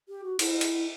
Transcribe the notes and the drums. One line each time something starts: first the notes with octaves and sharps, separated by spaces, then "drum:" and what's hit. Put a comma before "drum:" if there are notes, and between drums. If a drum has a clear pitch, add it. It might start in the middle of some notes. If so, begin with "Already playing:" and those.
G4
F#4
E4, drum: cymbal
drum: cymbal